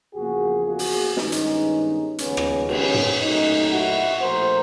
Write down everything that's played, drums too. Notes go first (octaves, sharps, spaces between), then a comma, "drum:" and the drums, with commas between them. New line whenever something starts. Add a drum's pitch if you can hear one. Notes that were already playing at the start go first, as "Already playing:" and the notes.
E2 C#3 F3 A#3 F#4 G#4
F#4 G#4
drum: open hi-hat
G2 D#3 G#3 B3 C#4 D#4, drum: snare
drum: hi-hat
D#2 C#3 F3 G#3 B3 C#4, drum: hi-hat
drum: rim click
B3 C#4, drum: cymbal
drum: tom
A#2 F#3 A3 C#4 D#4
E4 F#4
A#2 F3 A3 A#4 C5